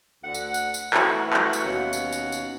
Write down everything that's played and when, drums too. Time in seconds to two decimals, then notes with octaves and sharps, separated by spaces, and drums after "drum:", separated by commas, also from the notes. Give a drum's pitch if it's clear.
0.23 D2 D3 F#5
0.34 drum: tambourine
0.54 drum: tambourine
0.74 drum: tambourine
0.94 E3 A3 F#4 F#5, drum: clap
1.33 drum: clap
1.53 drum: tambourine
1.65 D#2 B2 C#4 F5 F#5
1.93 drum: tambourine
2.13 drum: tambourine
2.32 drum: tambourine